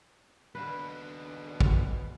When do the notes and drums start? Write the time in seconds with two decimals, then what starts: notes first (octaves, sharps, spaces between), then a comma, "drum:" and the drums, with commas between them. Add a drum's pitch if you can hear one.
0.55 D#2 B2 G#3 D4 B4 F5
1.60 drum: kick